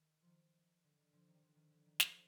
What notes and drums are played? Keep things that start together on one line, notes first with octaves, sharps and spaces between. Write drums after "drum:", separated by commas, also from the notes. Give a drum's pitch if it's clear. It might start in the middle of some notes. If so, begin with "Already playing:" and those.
Already playing: D#3
D#3 F3
D3
D#3
D3 F3
D#3
G3
D3 F3
D#3
D3
D#3
D3 F3, drum: snare